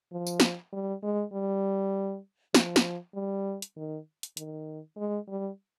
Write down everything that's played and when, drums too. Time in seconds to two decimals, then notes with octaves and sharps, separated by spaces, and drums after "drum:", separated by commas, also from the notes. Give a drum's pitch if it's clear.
0.12 F3
0.27 drum: tambourine
0.40 drum: snare
0.73 G3
1.03 G#3
1.33 G3
2.54 F3, drum: snare
2.76 drum: snare
3.15 G3
3.62 drum: hi-hat
3.76 D#3
4.23 drum: hi-hat
4.37 D#3, drum: hi-hat
4.97 G#3
5.28 G3